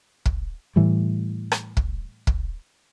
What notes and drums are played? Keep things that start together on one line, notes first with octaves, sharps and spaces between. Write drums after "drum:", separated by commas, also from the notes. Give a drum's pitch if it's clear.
drum: kick
A2 E3 G3
drum: rim click
drum: kick
drum: kick